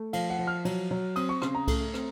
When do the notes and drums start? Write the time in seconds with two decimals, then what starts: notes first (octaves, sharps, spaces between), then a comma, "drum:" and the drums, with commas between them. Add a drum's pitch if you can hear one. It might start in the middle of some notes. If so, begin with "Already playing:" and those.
Already playing: A3
0.13 F3 F5, drum: cymbal
0.30 F#5
0.39 F3
0.47 F6
0.65 F#3, drum: cymbal
0.91 F#3
1.16 C4 D#6, drum: cymbal
1.29 C#6
1.42 C#3 C6, drum: rim click
1.55 A#5
1.68 A3, drum: kick C2, cymbal
1.94 C4, drum: rim click